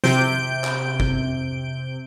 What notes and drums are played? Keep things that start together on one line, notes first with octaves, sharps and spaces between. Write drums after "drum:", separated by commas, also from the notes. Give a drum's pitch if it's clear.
C3 G6 D7, drum: snare
drum: clap
drum: kick